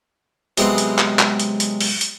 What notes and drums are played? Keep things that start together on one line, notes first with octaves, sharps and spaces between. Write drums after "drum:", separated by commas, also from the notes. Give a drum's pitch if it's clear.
C3 F#3 G#3 B3 C4, drum: hi-hat
drum: hi-hat
drum: clap
drum: clap
drum: hi-hat
drum: hi-hat
drum: open hi-hat
drum: hi-hat